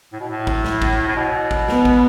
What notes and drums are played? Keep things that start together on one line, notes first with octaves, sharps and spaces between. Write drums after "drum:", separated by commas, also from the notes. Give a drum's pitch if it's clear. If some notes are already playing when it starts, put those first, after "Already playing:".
A2
B2
A2
drum: kick
drum: snare
drum: kick
A2
B2
drum: kick
B3, drum: snare
drum: kick